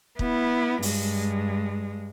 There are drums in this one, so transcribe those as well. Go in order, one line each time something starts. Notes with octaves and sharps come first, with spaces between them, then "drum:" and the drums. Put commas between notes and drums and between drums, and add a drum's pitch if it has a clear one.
B3 E4, drum: kick
G2 G#3, drum: open hi-hat